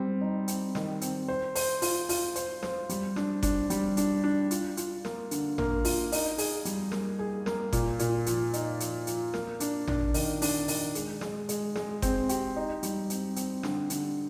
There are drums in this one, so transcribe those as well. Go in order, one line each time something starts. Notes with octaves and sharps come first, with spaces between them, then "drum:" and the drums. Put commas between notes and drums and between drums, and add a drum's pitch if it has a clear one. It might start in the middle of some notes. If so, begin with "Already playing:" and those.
Already playing: G3 C4
D#4
C4, drum: hi-hat
D#3, drum: snare
C4, drum: hi-hat
C5
C5, drum: open hi-hat
F4, drum: open hi-hat
F4, drum: open hi-hat
C5, drum: hi-hat
C5, drum: snare
G3, drum: hi-hat
D4, drum: snare
D4, drum: kick F#1, hi-hat
G3, drum: hi-hat
D4, drum: hi-hat
D4
F4, drum: hi-hat
F4, drum: hi-hat
A#3, drum: snare
D3, drum: hi-hat
A#3, drum: tom
F4, drum: open hi-hat
D#4, drum: open hi-hat
G#4, drum: open hi-hat
G3, drum: hi-hat
A#3, drum: snare
G#4
A#3, drum: snare
A#2, drum: kick F#1, hi-hat
A#2, drum: hi-hat
F3, drum: hi-hat
D#4, drum: hi-hat
F3, drum: hi-hat
F3, drum: hi-hat
A#3, drum: snare
D4, drum: hi-hat
D4, drum: tom
D#3, drum: open hi-hat
D4, drum: open hi-hat
D#3, drum: open hi-hat
G#3, drum: hi-hat
G#3, drum: snare
G#3, drum: hi-hat
G#3, drum: snare
C4, drum: kick F#1, hi-hat
G4, drum: hi-hat
D#4
G3, drum: hi-hat
C4, drum: hi-hat
C4, drum: hi-hat
D3, drum: snare
D3, drum: hi-hat